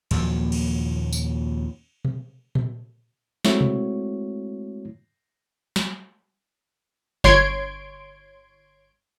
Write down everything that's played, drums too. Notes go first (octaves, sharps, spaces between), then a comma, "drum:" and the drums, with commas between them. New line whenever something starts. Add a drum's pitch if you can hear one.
D#2 A#2 F3 F#3, drum: cymbal
drum: cymbal
drum: tambourine
drum: tom B2
drum: tom A#2
G#3 A3 C4 E4 F#4 C#5, drum: snare
drum: tom B2
drum: snare
G1 C#5 C6 G#6 D7, drum: snare